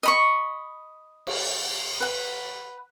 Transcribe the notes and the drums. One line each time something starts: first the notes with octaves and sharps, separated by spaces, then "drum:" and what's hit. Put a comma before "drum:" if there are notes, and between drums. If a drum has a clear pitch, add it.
D#5 B5 C#6
drum: cymbal
B4 F#5